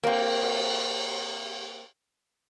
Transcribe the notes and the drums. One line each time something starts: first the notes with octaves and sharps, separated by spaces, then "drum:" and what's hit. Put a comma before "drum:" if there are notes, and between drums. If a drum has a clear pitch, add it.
A#3 C4, drum: cymbal
drum: cymbal